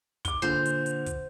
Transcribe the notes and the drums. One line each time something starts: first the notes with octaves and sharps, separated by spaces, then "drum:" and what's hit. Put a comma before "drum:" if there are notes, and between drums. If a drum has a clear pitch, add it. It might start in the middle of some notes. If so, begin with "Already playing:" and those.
D6 G7, drum: kick, hi-hat
A#2 D3 C5
drum: hi-hat
drum: hi-hat
drum: kick, hi-hat